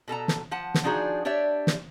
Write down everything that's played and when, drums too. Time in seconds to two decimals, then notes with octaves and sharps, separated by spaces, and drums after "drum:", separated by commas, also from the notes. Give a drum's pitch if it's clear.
0.08 B2 A4 A5 A#5
0.28 drum: snare
0.51 F3 F#5 A5
0.74 drum: snare
0.84 F3 D4 D#4 F#4 G#4
1.25 D4 G4 C#5 D5 E5
1.67 drum: snare